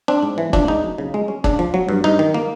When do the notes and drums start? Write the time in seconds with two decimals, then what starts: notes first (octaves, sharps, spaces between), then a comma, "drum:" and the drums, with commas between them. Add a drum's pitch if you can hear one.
0.08 C4 D4
0.23 G#2
0.38 E3
0.53 F3 D4, drum: kick
0.68 G#3 D#4
0.84 F#2
0.98 C#3
1.14 G#3
1.28 C#4
1.44 C#3 D4, drum: kick
1.59 F3
1.74 F#3
1.89 G2
2.04 G2 D#4
2.19 D#3
2.34 A#3